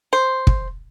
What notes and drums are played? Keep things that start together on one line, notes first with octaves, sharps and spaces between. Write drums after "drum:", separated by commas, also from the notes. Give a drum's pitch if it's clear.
C5
drum: kick